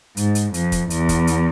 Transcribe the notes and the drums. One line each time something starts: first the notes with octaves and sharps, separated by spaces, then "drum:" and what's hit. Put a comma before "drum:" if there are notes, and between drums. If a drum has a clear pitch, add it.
G#2, drum: hi-hat
drum: hi-hat
F2, drum: hi-hat
drum: kick, hi-hat
E2, drum: hi-hat
drum: kick, hi-hat
drum: hi-hat